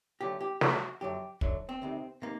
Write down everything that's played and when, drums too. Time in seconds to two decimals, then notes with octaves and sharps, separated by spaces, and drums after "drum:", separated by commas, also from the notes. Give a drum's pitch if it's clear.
0.21 D2 D3 F#3 G4
0.41 G4
0.61 D2 D3 F#3 F#4, drum: snare
1.01 F#2 D3 F#3 G4
1.41 F#2 D3 F#3, drum: kick
1.69 C4
1.82 D2 C3 D#3
2.22 C3 D#3 A#3